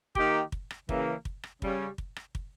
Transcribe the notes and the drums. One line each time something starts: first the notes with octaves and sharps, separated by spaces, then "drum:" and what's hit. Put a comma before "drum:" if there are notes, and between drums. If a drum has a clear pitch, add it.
D#3 A#3 D#4 G4, drum: kick
drum: kick
drum: rim click
C#3 E3 A#3, drum: kick
drum: kick
drum: rim click
C#3 G3 C#4, drum: kick
drum: kick
drum: rim click
drum: kick